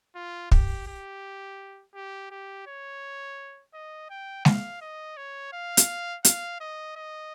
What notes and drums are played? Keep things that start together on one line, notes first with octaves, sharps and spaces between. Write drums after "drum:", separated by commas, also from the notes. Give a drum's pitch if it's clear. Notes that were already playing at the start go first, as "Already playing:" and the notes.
F4
G4, drum: kick
G4
G4
G4
C#5
D#5
G5
F5, drum: snare G#3
D#5
C#5
F5
drum: hi-hat
F5, drum: hi-hat
D#5
D#5